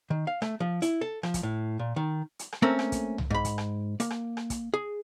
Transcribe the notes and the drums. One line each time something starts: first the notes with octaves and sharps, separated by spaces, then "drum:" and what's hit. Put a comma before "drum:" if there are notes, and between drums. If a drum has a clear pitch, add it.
D#3
F5
A3, drum: rim click
F3
E4, drum: hi-hat
A4
F3, drum: rim click
drum: kick, hi-hat
A2
A#2
D#3
drum: hi-hat
drum: rim click
A3 A#3 C4 C#4 A4 A#4
drum: rim click
drum: kick, hi-hat
drum: tom C2
G#2 B5
drum: kick, hi-hat
drum: rim click
A#3, drum: hi-hat
drum: rim click
drum: rim click
drum: kick, hi-hat
G#4